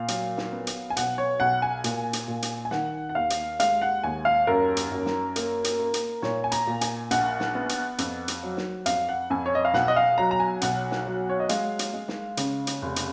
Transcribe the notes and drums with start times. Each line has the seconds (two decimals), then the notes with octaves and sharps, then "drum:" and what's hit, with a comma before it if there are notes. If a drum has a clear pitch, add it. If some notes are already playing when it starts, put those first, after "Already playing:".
Already playing: A#2 F5
0.08 F#3, drum: hi-hat
0.38 drum: snare
0.52 B3
0.67 drum: hi-hat
0.90 G#5
0.97 B1 F#5, drum: hi-hat
1.18 C#5
1.40 B1 F#5
1.62 G#5
1.84 A#2, drum: hi-hat
2.13 drum: hi-hat
2.28 A#2
2.42 drum: hi-hat
2.65 G#5
2.71 D#3 F#5, drum: snare
3.09 F#5
3.15 D#2 F5
3.30 drum: hi-hat
3.60 G#3 F5, drum: hi-hat
3.82 F#5
4.04 D#2 G#5
4.25 F5
4.47 F#2 A#4
4.77 drum: hi-hat
4.92 F#2
5.06 drum: snare
5.36 A#3, drum: hi-hat
5.64 drum: hi-hat
5.80 A#3
5.94 drum: hi-hat
6.22 A#2 C#5, drum: snare
6.44 G#5
6.52 A#5, drum: hi-hat
6.67 A#2
6.81 G#5, drum: hi-hat
7.11 A#1 F#5, drum: hi-hat
7.40 drum: snare
7.55 B3
7.69 drum: hi-hat
7.98 F2, drum: hi-hat
8.28 drum: hi-hat
8.43 F#3
8.57 drum: snare
8.86 F2 F5, drum: hi-hat
9.09 F#5
9.30 F2 G#5
9.46 C#5
9.55 D#5
9.65 F5
9.74 B1 F#5, drum: snare
9.88 D#5
9.96 F5
10.18 F#3 A#5
10.31 A#5
10.40 G#5
10.61 B1 F#5, drum: hi-hat
10.91 drum: snare
11.06 F#3
11.29 C#5
11.40 D#5
11.49 G#3 F5, drum: hi-hat
11.79 drum: hi-hat
11.94 G#3
12.08 drum: snare
12.37 C#3, drum: hi-hat
12.67 drum: hi-hat
12.82 F1
12.96 drum: hi-hat